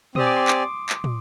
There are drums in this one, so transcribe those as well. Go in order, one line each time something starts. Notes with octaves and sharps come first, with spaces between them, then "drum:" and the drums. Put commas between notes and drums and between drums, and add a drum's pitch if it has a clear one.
C4 G4 D5 G#5 D#6, drum: tom A#2
D6
C6
D6, drum: clap
drum: clap
drum: tom